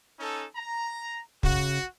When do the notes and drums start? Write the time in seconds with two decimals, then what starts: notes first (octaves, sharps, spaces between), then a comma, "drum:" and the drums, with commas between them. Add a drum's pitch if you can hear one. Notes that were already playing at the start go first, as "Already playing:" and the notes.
0.19 C#4 D#4 A4
0.56 A#5
1.43 C#3 F#4, drum: kick